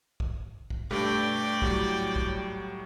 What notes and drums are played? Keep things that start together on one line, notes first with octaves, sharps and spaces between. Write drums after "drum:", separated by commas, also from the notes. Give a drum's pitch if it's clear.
drum: kick
drum: kick
G2 A3 G4 D5 G5, drum: tom B2
A2 F#3 G3, drum: kick
drum: kick